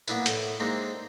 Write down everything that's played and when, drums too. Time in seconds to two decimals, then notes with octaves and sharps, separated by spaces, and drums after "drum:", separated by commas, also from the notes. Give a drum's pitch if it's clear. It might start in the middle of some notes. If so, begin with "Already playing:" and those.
0.08 A#3 B3 D4 E4 B4, drum: tambourine
0.26 A2, drum: hi-hat
0.60 G#3 A#3 C4 D4 D#4